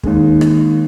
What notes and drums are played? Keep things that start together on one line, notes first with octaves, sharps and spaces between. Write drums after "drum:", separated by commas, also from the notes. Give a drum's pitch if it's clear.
D#2 D#3 G#3, drum: kick
drum: rim click